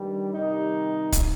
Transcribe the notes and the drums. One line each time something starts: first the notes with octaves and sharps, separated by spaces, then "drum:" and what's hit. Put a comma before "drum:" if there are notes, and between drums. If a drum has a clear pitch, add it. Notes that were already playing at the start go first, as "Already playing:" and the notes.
Already playing: G2 D#3 G3
C3 D#3 G3 D#4
drum: kick, hi-hat